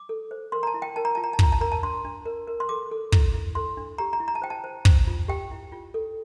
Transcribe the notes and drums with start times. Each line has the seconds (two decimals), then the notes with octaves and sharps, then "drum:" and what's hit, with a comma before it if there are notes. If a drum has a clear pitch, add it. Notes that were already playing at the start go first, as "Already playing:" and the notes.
Already playing: D6
0.09 A4
0.31 C5
0.52 A#4 C6
0.63 A#5
0.67 A5
0.74 E4
0.82 G5
0.96 A#4 A5
1.05 A#5
1.15 F4 A5
1.24 A#5
1.33 A5
1.39 F4 A#5, drum: kick
1.52 A5
1.61 A#4 A#5
1.72 A5
1.83 D4 C6
2.05 D4
2.26 A#4
2.48 A#4
2.60 C6
2.69 A4 D6
2.91 A4
3.12 E4, drum: kick
3.34 E4
3.55 A4 C6
3.77 D4
3.98 G4 A#5
4.13 A#5
4.20 E4
4.28 A#5
4.35 A5
4.42 C5 G5
4.50 A5
4.64 C5
4.85 C5, drum: kick
5.07 F4
5.28 G4 G5
5.51 E4
5.72 F4
5.94 A4